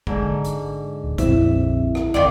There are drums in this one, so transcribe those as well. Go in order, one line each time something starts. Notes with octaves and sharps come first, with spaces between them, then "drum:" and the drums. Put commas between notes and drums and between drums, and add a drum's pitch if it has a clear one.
G#2 D3, drum: kick
drum: hi-hat
D1
A#1 F2 C4 E4 E5, drum: kick, hi-hat
drum: rim click
G#1 E2 D3 D#3 F4 D5